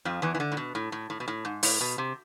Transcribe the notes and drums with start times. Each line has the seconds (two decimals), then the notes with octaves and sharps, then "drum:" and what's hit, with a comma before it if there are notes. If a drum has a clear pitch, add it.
0.05 F2 F3
0.22 E2 E3
0.35 E3
0.40 D3
0.52 A2
0.57 B2
0.75 A2
0.92 A2
1.10 A2
1.20 B2
1.28 A2
1.45 G#2
1.63 A2, drum: open hi-hat
1.81 B2
1.98 C3